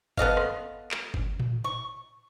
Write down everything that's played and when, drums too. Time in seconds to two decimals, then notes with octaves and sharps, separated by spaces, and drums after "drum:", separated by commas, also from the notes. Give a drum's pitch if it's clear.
0.18 B3 A4 D#5 F5, drum: kick
0.37 drum: rim click
0.91 drum: clap
1.14 drum: kick
1.40 drum: tom A2
1.64 C#6